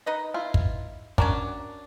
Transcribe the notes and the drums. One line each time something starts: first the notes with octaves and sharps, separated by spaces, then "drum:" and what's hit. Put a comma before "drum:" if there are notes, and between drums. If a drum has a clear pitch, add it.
D#4 B4 D#5
E4 F4
drum: kick
C#4 D4 F#4 A#4, drum: kick